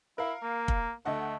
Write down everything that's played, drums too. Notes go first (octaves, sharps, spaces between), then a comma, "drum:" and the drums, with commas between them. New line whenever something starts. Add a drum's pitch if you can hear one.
E4 A#4 F5
A#3
drum: kick
D2 A3 D#5 F#5